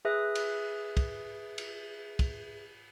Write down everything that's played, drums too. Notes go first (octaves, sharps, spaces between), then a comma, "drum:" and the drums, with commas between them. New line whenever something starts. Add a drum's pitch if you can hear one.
G#4 B4 E5 D#6 F#6 A#6
drum: cymbal
drum: kick, cymbal
drum: cymbal
drum: kick, cymbal